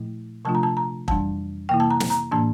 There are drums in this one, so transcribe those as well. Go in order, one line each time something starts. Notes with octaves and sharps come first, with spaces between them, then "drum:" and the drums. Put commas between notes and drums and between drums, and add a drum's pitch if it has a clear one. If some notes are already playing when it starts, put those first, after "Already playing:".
Already playing: A#2 F3 A3 E4
C3 F3 A3 D4 F4 A5
A#5
A5
A#5
F2 E3 G3 D4 A5, drum: kick
C3 E3 A#3 E4 G5
A5
A#5
drum: snare
A#5
A2 E3 A#3 D4 A5